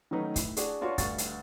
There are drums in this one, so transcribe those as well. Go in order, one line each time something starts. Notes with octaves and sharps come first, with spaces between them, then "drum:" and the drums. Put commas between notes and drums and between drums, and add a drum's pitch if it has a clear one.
D#3 F#3 A3 C#4 D#4 B4
A2 E4, drum: kick, hi-hat
D4 F#4 G#4 D5, drum: hi-hat
D4 F4 F#4 B4 C#5 C#6
D2 G2 F5 C#6 A6, drum: kick, hi-hat
drum: hi-hat